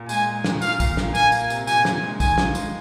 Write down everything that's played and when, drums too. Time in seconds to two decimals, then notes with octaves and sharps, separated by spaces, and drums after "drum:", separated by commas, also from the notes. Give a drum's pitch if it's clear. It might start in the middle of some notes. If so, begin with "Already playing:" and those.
Already playing: A#2
0.09 G#3 G#5, drum: tambourine
0.26 G#3
0.44 D#3, drum: snare
0.62 F4 F5, drum: tambourine
0.80 A#2, drum: kick, tambourine
0.97 A#2, drum: snare
1.15 A#3 G#5, drum: tambourine
1.32 A#3, drum: tambourine
1.50 C3, drum: tambourine
1.67 A#2 G#5, drum: tambourine
1.85 A#2, drum: snare
2.03 G#3
2.20 D#3 G#5, drum: kick, tambourine
2.38 F4, drum: snare
2.55 G#3, drum: tambourine